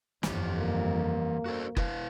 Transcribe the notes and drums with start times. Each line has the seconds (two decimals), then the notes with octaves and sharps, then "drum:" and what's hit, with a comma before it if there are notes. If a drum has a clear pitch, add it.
0.23 G1 F2 E3 G4, drum: snare
0.58 A#3
1.46 F#4 A4 C5
1.77 E4 B4 F5, drum: kick F#1